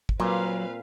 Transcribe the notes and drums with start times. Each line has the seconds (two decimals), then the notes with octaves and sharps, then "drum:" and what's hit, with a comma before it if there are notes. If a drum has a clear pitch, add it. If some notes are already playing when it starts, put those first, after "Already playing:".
0.09 drum: kick
0.20 A#2 F#3 C4 B4 F5